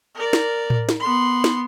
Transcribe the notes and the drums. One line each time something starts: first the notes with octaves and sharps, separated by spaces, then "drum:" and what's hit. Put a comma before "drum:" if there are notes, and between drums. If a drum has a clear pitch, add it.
A#4 D5
drum: snare
drum: tom A2
drum: snare
B3 C6
drum: snare